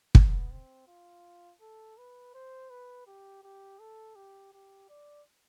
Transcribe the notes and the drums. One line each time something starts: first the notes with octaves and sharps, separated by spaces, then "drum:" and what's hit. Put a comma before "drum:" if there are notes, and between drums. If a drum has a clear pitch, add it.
B3, drum: kick
C4
F4
A4
B4
C5
B4
G4
G4
A4
G4
G4
D5